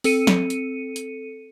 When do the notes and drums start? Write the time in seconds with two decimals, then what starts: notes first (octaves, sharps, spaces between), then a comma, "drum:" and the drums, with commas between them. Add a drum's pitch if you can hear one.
0.04 C4 A4 C#7 D#7, drum: open hi-hat
0.27 drum: snare
0.50 drum: hi-hat
0.96 drum: hi-hat